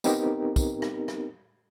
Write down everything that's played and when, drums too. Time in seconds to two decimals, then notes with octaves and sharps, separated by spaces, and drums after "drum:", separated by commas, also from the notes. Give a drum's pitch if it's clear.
0.04 B3 C4 D#4 G4 A#4, drum: tambourine
0.56 drum: kick, tambourine
0.82 drum: rim click
1.08 drum: rim click